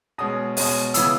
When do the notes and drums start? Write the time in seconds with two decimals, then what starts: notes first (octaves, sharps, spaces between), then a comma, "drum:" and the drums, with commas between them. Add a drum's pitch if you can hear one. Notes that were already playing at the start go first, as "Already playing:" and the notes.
0.18 B2 G#3 C#4 D#6
0.57 B2 G#3 C#4, drum: open hi-hat
0.94 C#3 E3 B3 E6, drum: hi-hat